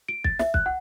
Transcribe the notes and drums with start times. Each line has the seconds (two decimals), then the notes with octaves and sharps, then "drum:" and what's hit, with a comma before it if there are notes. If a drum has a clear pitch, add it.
0.09 D7
0.24 A6, drum: kick
0.39 E5, drum: snare
0.54 F#6, drum: kick
0.66 F#5